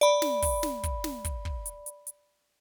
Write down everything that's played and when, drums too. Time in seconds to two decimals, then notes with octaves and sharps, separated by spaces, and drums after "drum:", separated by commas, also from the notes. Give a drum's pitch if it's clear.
0.01 D5 B5, drum: hi-hat
0.22 drum: snare
0.42 drum: kick, open hi-hat
0.63 drum: snare
0.83 drum: kick, hi-hat
1.04 drum: snare
1.25 drum: kick, hi-hat
1.45 drum: kick
1.66 drum: hi-hat
1.86 drum: hi-hat
2.07 drum: hi-hat